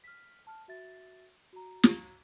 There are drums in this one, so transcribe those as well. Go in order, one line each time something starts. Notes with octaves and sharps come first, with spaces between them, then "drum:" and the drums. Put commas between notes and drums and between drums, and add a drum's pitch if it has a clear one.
F6 B6
A5 F6
F#4 E5 A6
F#4 A#5
drum: snare